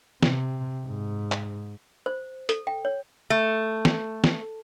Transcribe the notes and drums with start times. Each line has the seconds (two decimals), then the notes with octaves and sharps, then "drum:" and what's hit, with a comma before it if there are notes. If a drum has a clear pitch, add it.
0.23 C3, drum: snare
0.86 G#2
1.32 drum: clap
2.06 C5
2.49 A4, drum: hi-hat
2.67 G5
2.85 C#5
3.30 A3
3.85 drum: snare
4.24 drum: snare